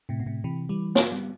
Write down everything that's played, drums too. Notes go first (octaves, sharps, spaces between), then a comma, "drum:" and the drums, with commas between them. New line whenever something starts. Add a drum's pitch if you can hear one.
A2 C3
B2
A2 C3
C3 E3
E3 G3
drum: snare
G3 B3